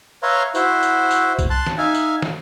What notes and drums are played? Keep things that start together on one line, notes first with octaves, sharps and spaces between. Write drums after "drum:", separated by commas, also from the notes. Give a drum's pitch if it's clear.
B4 C#5 E5 F5 A#5 C6
E4 F#4 C5, drum: tambourine
drum: tambourine
drum: tambourine
drum: kick C2, tambourine
A5 C6 F#6
drum: snare
D#4 E5 F5 G#5
drum: tambourine
drum: snare